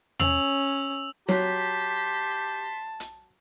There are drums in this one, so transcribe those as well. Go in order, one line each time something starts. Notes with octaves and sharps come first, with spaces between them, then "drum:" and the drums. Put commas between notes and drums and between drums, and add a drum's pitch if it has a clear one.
C#4 E6 F7 F#7, drum: tom D#2
F#3 G4 A5 C6 B6, drum: snare
drum: hi-hat